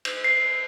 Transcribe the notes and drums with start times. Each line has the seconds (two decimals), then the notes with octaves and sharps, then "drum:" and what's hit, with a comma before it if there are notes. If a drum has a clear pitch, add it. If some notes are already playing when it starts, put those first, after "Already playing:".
0.05 drum: cymbal
0.24 C7